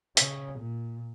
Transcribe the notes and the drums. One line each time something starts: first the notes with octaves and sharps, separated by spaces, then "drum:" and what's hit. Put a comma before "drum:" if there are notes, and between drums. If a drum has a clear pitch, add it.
C#3, drum: hi-hat
A#2